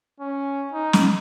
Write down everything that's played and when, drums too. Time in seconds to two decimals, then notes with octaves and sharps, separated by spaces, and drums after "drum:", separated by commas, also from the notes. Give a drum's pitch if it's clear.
0.20 C#4
0.73 D#4
0.93 drum: snare